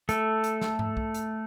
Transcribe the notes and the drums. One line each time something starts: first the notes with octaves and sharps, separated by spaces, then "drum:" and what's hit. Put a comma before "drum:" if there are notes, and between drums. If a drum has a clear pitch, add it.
A3 A4, drum: hi-hat
drum: hi-hat
drum: snare
drum: tom G#2
drum: kick B1
drum: hi-hat